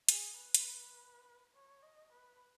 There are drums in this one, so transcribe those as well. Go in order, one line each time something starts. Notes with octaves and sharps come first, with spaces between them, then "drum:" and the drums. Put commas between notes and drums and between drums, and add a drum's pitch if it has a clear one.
G#4, drum: hi-hat
B4
drum: hi-hat
C#5
D#5
B4